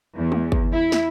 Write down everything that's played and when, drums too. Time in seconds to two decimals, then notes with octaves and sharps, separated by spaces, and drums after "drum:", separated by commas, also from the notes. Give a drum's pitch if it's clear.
0.15 E2
0.32 drum: tom
0.52 drum: kick G1
0.72 E4
0.92 drum: snare